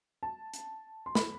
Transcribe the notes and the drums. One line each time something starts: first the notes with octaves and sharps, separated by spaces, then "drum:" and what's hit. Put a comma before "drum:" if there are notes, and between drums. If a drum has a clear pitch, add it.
A5
drum: hi-hat
C6
B5, drum: snare